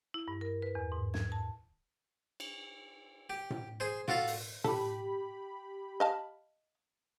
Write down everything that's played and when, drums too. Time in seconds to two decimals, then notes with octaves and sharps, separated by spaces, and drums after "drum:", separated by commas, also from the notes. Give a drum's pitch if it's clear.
0.14 E4
0.28 G2
0.41 A#4
0.62 B4
0.75 E2
0.92 G#2
1.14 G#6, drum: snare
1.32 A5
2.40 drum: cymbal
3.30 G4
3.50 drum: tom A2
3.80 G#4 C5
4.08 F4 F#4 A4 F5, drum: tom A2
4.27 drum: open hi-hat
4.64 G4 A4 B5, drum: tom A2
6.00 D#5 F5 A5